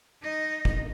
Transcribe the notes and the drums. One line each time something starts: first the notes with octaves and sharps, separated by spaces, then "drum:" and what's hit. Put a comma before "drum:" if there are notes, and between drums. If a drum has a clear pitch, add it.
D#4 D#5
drum: kick